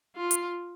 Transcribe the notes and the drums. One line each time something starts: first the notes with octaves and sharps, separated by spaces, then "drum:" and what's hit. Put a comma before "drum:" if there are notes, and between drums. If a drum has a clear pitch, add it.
F4
drum: hi-hat